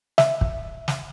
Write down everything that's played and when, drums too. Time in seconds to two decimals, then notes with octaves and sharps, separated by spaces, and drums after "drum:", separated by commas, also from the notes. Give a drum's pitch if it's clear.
0.18 E5, drum: snare
0.41 drum: kick
0.88 drum: snare